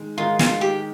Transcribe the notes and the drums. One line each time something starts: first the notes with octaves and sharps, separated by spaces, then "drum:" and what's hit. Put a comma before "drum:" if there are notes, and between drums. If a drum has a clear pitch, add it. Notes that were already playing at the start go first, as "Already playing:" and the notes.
Already playing: D#3 G#3
D#3 G#3 D#4 F4 A#4
F4, drum: snare
G4